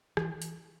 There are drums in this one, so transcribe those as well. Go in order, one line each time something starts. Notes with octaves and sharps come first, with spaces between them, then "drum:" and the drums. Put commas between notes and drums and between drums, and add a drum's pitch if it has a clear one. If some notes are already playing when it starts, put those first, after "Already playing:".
E3, drum: rim click
drum: hi-hat